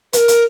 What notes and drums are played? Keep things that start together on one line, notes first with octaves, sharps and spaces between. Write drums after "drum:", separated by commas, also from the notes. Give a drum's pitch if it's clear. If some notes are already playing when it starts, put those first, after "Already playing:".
B4, drum: hi-hat
A#4
drum: hi-hat